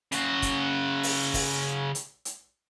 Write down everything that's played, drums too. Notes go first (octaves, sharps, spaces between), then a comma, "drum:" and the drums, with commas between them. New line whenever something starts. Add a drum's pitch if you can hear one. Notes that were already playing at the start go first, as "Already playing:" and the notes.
C#3 F#4, drum: hi-hat
drum: kick, hi-hat
drum: open hi-hat
drum: kick, open hi-hat
drum: hi-hat
drum: hi-hat